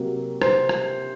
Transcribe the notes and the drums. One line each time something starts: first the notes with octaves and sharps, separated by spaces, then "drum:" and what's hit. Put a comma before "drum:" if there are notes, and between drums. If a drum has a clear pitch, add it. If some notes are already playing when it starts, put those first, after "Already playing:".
Already playing: C3 F#3 A#3
C5, drum: rim click
drum: rim click